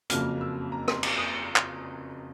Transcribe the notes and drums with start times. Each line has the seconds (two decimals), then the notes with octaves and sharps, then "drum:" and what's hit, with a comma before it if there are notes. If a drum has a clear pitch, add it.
0.10 F#1 F2 C#3 F#3 A#3 F6, drum: hi-hat
0.41 E6
0.72 A#5
0.88 C6, drum: rim click
1.03 D6, drum: cymbal
1.18 D#6
1.56 drum: clap